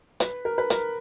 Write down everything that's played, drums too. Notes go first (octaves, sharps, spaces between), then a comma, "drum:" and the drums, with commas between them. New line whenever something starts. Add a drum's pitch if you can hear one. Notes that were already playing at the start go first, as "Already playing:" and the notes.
B4, drum: hi-hat
A#4
B4
A#4, drum: hi-hat